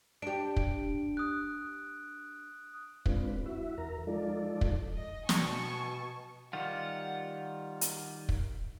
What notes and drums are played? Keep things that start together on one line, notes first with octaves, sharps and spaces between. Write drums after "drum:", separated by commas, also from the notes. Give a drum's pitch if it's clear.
D4 G4 D7
drum: kick
D#6 F#6
G#3 C4 D4 F4 B4, drum: kick
E4 F#4 E5
E2 A#4 A#5
F3 G#3 D#4 F4 A4 D5
drum: kick
D#5
B2 G#5 A5 C#6, drum: snare
D#3 G3 F4 F#5
drum: hi-hat
drum: kick